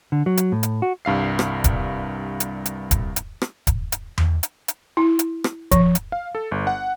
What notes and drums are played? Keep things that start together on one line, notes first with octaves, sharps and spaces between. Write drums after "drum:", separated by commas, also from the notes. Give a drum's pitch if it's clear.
D3
F#3
drum: hi-hat
A2
drum: hi-hat
F#4
C2 G2 F5 C7
drum: rim click
drum: kick, hi-hat
drum: hi-hat
drum: hi-hat
drum: kick, hi-hat
drum: hi-hat
drum: rim click
drum: kick, hi-hat
drum: hi-hat
drum: tom E2
drum: hi-hat
drum: hi-hat
E4
drum: hi-hat
drum: rim click
F3, drum: kick, hi-hat
drum: hi-hat
F5
A4
G1
F#5